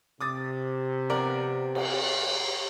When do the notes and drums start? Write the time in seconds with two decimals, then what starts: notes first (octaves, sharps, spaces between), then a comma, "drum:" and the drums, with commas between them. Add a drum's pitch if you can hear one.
0.21 C3 D6 D#6 A6
1.10 F3 B3 A#4 D5
1.75 drum: cymbal